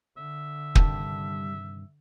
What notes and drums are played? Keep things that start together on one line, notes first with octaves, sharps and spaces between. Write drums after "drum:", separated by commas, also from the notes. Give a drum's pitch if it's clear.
D3 E5
G2 C3 D#3 G3 G5 A5, drum: kick